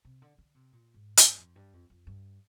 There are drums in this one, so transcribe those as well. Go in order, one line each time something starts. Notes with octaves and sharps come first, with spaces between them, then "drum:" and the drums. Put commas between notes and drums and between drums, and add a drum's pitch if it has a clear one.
C3
D3
D3
C3
A#2
G#2
G2, drum: hi-hat
F2
G2
F2
F2
G2